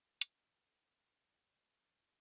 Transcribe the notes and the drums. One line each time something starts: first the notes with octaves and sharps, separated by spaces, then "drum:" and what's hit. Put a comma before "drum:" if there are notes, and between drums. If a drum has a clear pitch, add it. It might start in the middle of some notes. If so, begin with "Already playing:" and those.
D4, drum: hi-hat
A4
F#4
D4
D4